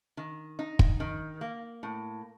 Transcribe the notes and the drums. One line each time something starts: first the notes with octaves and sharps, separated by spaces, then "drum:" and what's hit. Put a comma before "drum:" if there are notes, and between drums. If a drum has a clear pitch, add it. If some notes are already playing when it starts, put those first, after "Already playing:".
D#3
D#4
drum: kick
D#3
A#3
A2